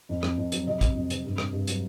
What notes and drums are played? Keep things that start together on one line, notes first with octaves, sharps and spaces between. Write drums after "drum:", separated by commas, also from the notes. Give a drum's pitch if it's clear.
F2
F2, drum: rim click
F2
F#3, drum: hi-hat
C3 D#5
C3, drum: kick, hi-hat
F2
C3, drum: hi-hat
G2
G2, drum: rim click
G2
F#3, drum: hi-hat